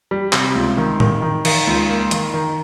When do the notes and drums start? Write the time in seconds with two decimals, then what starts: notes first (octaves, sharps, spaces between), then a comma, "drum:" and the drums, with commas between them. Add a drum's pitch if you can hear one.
0.11 G3
0.33 C3, drum: clap
0.55 C#2
0.78 D#3
1.00 D#3, drum: tom
1.22 D#3
1.45 D#3, drum: cymbal
1.67 C#2
1.90 A#3
2.11 D#3, drum: hi-hat
2.34 D#3